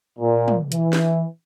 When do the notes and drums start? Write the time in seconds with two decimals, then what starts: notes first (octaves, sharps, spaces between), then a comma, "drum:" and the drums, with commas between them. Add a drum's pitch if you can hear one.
0.19 A#2
0.48 drum: tom
0.72 E3, drum: hi-hat
0.93 drum: snare